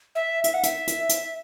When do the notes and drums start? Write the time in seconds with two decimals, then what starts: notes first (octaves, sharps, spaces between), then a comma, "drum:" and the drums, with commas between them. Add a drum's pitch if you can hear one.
0.15 E5
0.44 E5, drum: hi-hat
0.54 F#5
0.63 E5, drum: hi-hat
0.87 drum: hi-hat
1.09 drum: hi-hat